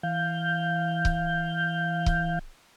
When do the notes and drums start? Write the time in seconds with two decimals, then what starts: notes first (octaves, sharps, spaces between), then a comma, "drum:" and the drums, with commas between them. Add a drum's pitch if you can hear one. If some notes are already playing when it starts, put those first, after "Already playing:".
0.03 E3 F5 G6
1.05 drum: kick C#1
2.06 drum: kick C#1